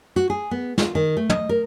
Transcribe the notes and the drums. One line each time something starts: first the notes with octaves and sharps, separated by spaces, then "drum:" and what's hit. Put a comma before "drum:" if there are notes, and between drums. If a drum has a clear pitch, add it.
F#4
G#4
B3
F4, drum: snare
D#3
A3
D#5, drum: tom
A#4